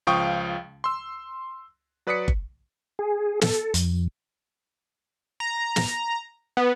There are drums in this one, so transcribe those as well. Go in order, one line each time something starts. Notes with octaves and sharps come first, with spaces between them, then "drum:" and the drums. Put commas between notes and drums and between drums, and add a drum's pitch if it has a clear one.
C#2 F3 F5 G5 C#6 D#6
C6 E6
F#3 B4 D5 D#6 B6 C#7
drum: kick G1
G#4
A4, drum: snare
F2, drum: hi-hat
A#5
drum: snare
B3